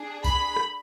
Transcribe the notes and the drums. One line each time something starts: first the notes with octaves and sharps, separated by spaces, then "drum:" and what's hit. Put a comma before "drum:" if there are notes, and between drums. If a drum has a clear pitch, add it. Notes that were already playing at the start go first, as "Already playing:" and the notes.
Already playing: D4 G#4
B5, drum: kick C2, tambourine
drum: rim click